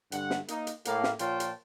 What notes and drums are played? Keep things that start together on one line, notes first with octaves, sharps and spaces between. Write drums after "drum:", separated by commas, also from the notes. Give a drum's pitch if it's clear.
G2 D3 F#5, drum: hi-hat
drum: snare
A#3 D#4, drum: hi-hat
drum: hi-hat
A2 A#3 F5, drum: hi-hat
drum: snare
A#2 F3 F4 C#5 G5 A5, drum: hi-hat
drum: hi-hat